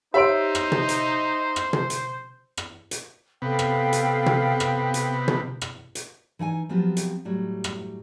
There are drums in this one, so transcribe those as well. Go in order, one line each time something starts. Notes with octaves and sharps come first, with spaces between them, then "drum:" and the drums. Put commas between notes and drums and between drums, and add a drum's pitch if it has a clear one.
D#4 G4 C5 C#5 E5 C6 D7
drum: rim click
drum: tom
drum: hi-hat
drum: rim click
drum: tom
drum: hi-hat
drum: rim click
drum: hi-hat
C3 B3 A4 F5 G5
drum: rim click
drum: hi-hat
drum: tom
drum: rim click
drum: hi-hat
drum: tom
drum: rim click
drum: hi-hat
E3 D#4 G5 G#5
F3 F#3 B3 C4 F4 G4
drum: hi-hat
A2 F#3 G3
drum: rim click